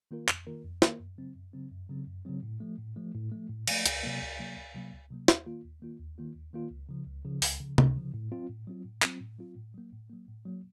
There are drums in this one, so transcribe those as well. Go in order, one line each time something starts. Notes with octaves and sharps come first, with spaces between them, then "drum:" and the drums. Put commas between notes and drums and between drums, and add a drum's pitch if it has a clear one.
D#3 A#3 F4 A#4
F2, drum: clap
D#3 A#3 F4 A#4
F2
D#3 A#3 F4 A#4, drum: snare
F#2
C#3 F#3 C4
F#2
C#3 F#3 C4
F#2
C#3 F#3 C4
F#2
C#3 F#3 C4
A2
F3 A3
A2
F3 A3
A2
F3 A3
A2
F3 A3, drum: cymbal
C#2, drum: hi-hat
C3 F#3 A#3
C#2
C3 F#3 A#3
C#2
C3 F#3 A#3
C#2
C3 F#3 A#3
D#2, drum: snare
D#3 A#3 F4
D#2
D#3 A#3 F4
D#2
D#3 A#3 F4
D#2
D#3 A#3 F4
C#2
C#3 F3
C#2
C#3 F3
C#2, drum: open hi-hat
C#3 F3
C#2, drum: tom C3
C#3 F3
A2
F#3 C4 F4
A2
F#3 C4 F4
A2
F#3 C4 F4, drum: clap
A2
F#3 C4 F4
A2
F#3 A#3
A2
F#3 A#3
A2
F#3 A#3